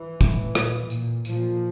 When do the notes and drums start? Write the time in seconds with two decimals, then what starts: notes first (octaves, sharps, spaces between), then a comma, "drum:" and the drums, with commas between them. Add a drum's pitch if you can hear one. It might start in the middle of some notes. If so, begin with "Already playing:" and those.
Already playing: E3
0.21 A2, drum: kick
0.55 A#2, drum: rim click
0.90 A#2, drum: tambourine
1.25 A#2 F3, drum: tambourine